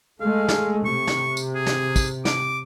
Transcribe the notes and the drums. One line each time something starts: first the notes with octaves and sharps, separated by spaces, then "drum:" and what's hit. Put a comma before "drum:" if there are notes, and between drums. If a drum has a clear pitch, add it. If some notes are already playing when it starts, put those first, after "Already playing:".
G#3 A3 F5
drum: snare
C3 C#6
drum: snare
drum: tambourine
G#4
drum: snare
drum: kick, tambourine
D6, drum: snare